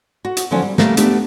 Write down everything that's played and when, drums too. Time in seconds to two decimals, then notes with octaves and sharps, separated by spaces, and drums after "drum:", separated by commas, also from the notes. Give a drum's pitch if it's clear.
0.25 F#4
0.37 drum: hi-hat
0.51 D3 F3 F#3 C#4 D4
0.62 G3
0.78 G3 A3 A#3 G4, drum: snare
0.97 A3 B3 D4 G4, drum: hi-hat